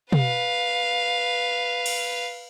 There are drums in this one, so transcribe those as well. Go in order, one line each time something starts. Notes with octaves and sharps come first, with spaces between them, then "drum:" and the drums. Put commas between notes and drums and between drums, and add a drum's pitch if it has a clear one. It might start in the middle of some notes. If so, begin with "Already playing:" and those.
B4 F5, drum: tom
drum: cymbal